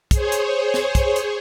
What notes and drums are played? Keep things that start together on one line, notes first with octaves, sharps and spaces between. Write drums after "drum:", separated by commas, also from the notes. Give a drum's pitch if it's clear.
G#4 C5 C#5, drum: kick, hi-hat
drum: hi-hat
drum: snare
drum: kick, hi-hat
drum: hi-hat